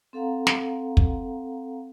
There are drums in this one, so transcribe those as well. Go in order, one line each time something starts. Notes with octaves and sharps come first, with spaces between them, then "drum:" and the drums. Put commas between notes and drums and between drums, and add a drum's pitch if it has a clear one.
C4 A4 F5 F#5 A#5
drum: snare
drum: kick